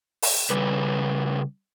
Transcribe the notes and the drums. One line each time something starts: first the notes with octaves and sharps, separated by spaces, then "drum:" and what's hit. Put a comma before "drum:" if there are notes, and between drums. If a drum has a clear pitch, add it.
drum: open hi-hat
C#3 G3 B4